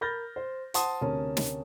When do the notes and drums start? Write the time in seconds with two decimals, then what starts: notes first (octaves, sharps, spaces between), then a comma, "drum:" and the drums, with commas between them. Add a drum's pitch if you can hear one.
0.01 A#4 B5 F6 G6 A6 A#6
0.36 C5
0.74 C5 F#5 A5 C6 D#6, drum: hi-hat
1.01 D2 C3 C#4 A#4 A5
1.37 drum: snare